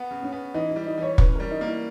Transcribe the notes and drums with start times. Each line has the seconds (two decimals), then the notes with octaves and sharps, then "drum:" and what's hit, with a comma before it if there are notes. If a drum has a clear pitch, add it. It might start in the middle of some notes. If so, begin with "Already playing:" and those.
Already playing: B3
0.11 C#3
0.22 C#4
0.33 B3
0.54 E3 D#4
0.70 E4
0.76 G3
0.86 D#4
0.98 E3 C#5
1.18 C#4 B4, drum: kick
1.35 G3 A#4
1.51 D#4
1.61 A#3
1.67 E4